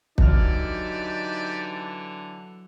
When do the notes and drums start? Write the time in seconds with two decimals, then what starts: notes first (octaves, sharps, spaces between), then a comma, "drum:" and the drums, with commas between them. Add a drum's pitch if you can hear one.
0.18 D3 E3 F#3 D#4 G4 D5 A5 F6, drum: kick